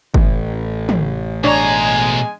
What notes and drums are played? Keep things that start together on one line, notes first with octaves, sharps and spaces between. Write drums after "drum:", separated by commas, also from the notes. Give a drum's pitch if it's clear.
A1, drum: kick
drum: tom
B2 G#3 D4 C#5 G#5 A#5